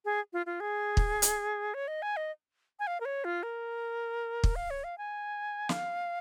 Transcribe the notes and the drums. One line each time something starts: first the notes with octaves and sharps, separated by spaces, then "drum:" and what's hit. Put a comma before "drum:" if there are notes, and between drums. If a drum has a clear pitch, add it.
G#4
F4
F4
G#4
drum: kick
drum: hi-hat
C#5
D#5
G#5
D#5
G#5
F5
A#4
C#5
F4
A#4
drum: kick
F5
C#5
F5
G#5
F5, drum: snare